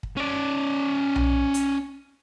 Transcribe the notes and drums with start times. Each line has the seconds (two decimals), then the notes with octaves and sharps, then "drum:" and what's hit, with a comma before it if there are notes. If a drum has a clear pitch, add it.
0.03 drum: kick
0.17 C#4 D5
1.16 drum: tom B1
1.54 drum: hi-hat